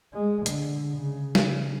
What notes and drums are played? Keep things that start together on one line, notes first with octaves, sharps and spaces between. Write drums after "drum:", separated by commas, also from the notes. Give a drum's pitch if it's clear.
G#3
D3, drum: hi-hat
C#3
drum: snare
C#3